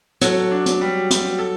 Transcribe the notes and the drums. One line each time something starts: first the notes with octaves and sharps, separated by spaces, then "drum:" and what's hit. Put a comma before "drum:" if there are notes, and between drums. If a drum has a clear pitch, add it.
F#3 A4, drum: hi-hat
D4
drum: hi-hat
G3
G3, drum: hi-hat
A4